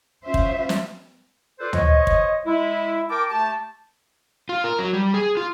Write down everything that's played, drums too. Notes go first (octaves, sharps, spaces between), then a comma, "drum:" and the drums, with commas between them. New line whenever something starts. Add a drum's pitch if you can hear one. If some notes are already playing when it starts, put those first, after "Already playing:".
C#4 F4 C5 E5
drum: kick
drum: snare
F4 A4 B4 C5 D5
C5 C#5 D#5, drum: tom
drum: kick
G#3 E4
A#4 G5 A5 D6
A3 G4 A5
F4
A#4
F#3
G3
G#4
F4